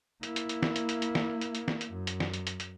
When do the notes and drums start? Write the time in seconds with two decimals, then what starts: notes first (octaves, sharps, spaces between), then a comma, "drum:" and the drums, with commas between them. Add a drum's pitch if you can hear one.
0.23 A#3 E4, drum: hi-hat
0.36 drum: hi-hat
0.49 drum: hi-hat
0.63 drum: snare
0.76 drum: hi-hat
0.89 drum: hi-hat
1.02 drum: hi-hat
1.15 drum: snare
1.41 drum: hi-hat
1.55 drum: hi-hat
1.68 drum: snare
1.81 drum: hi-hat
1.91 F#2
2.07 drum: hi-hat
2.20 drum: snare
2.34 drum: hi-hat
2.47 drum: hi-hat
2.60 drum: hi-hat